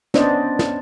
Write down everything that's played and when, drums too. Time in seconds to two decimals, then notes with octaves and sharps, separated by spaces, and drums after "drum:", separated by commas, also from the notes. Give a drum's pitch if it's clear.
0.14 B3 C#4 D4 C5 D5 D#5, drum: snare
0.59 drum: snare